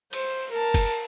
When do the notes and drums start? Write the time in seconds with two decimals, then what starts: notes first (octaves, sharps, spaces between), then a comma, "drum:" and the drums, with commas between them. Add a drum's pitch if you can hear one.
0.13 C5, drum: cymbal
0.51 A#4 A5
0.74 drum: kick, cymbal